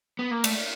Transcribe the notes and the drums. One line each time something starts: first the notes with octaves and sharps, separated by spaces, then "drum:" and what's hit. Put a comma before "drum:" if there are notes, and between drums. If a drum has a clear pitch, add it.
B3
A#3
A3, drum: cymbal